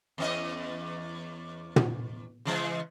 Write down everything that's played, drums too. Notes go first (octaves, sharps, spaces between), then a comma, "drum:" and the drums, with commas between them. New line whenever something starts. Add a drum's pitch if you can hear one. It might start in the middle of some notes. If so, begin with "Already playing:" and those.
E2 C#4 D#5
drum: tom
C#3 E3 G#3